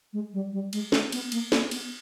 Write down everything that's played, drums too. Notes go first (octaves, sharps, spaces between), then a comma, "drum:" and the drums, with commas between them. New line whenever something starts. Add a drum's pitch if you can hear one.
G#3
G3
G3
G#3, drum: cymbal
A3, drum: snare
B3, drum: cymbal
A#3, drum: cymbal
A#3, drum: snare
B3, drum: cymbal